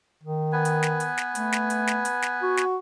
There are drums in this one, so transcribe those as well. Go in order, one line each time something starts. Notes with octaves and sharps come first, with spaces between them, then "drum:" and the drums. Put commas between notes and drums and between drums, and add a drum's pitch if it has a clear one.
D#3
B3 B4 G#5
drum: hi-hat
drum: snare
drum: hi-hat
drum: snare
A3, drum: hi-hat
drum: snare
drum: hi-hat
drum: snare
drum: hi-hat
drum: snare
F#4
drum: snare